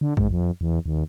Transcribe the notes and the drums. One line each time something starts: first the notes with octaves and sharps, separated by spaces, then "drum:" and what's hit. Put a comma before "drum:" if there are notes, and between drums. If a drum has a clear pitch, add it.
D3
G#2, drum: kick A1
F2
E2
D#2